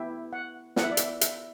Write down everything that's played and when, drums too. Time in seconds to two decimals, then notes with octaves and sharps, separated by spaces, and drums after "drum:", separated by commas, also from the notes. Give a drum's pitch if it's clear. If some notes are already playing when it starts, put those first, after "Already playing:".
Already playing: B3 E4 G4 E5
0.33 F#5
0.76 B3 E4 G4 F#5, drum: snare
0.84 E5
0.91 D5
0.97 E5, drum: hi-hat
1.21 E5, drum: hi-hat